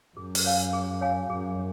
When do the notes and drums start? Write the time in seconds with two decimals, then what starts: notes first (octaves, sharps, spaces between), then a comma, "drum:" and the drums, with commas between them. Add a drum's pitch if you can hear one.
0.17 F#2 G#4
0.35 drum: open hi-hat
0.45 C#5 F5 G#5
0.73 G#4
1.01 C#5 F5 G#5
1.30 F#2 G#4